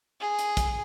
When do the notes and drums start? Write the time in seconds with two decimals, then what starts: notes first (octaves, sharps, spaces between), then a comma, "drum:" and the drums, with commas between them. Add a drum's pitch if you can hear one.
0.20 G#4
0.39 drum: hi-hat
0.57 drum: kick, hi-hat